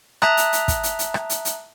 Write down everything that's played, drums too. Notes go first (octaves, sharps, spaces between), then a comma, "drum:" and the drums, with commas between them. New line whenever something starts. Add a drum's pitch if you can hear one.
E5 A5 A#5 D#6 F#6, drum: rim click
drum: hi-hat
drum: hi-hat
drum: kick, hi-hat
drum: hi-hat
drum: hi-hat
drum: rim click
drum: hi-hat
drum: hi-hat